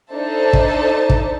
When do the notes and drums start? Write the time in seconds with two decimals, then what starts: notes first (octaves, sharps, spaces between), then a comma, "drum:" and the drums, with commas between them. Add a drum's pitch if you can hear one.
0.11 D4 D#4 A4 C5 E5 A5
0.53 drum: kick
1.10 drum: kick